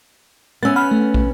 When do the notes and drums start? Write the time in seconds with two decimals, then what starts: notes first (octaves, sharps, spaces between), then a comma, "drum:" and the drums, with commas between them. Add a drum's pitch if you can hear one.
0.63 B3 C#4 E6 A6
0.76 F#5 B5 F6
0.91 A3
1.14 drum: kick